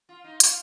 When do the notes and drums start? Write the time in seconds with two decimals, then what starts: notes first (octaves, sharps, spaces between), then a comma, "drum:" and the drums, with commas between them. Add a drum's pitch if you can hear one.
0.09 F4
0.24 D#4
0.40 F4, drum: hi-hat